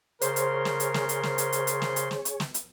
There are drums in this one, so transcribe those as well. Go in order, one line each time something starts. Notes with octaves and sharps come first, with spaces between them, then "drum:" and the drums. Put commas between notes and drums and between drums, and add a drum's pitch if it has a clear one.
C#3 G#4 A#4 C5 C#5 C6, drum: hi-hat
drum: hi-hat
drum: snare
drum: hi-hat
drum: snare
drum: hi-hat
drum: snare
drum: hi-hat
drum: hi-hat
drum: hi-hat
drum: snare
drum: hi-hat
drum: snare
drum: hi-hat
drum: snare
drum: hi-hat